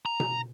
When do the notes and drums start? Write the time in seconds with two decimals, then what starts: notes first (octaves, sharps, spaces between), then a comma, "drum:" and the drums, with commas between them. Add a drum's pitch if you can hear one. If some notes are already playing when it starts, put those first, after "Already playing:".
0.06 A#5
0.20 drum: tom B2